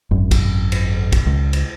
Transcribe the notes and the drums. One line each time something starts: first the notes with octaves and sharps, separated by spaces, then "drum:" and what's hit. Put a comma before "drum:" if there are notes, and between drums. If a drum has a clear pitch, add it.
G#1 F#2
drum: kick, cymbal
drum: cymbal
drum: kick, cymbal
C#2
drum: cymbal